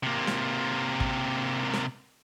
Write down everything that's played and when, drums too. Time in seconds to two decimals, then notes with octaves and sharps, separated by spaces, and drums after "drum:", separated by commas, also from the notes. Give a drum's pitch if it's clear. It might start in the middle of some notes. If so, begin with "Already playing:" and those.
0.03 C3 A#3
0.27 drum: snare
1.00 drum: kick
1.73 drum: snare